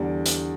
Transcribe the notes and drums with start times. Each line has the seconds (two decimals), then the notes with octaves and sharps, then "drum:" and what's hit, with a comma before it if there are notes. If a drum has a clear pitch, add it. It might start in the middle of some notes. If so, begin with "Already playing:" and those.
Already playing: E2 D3 G3 D5
0.26 drum: hi-hat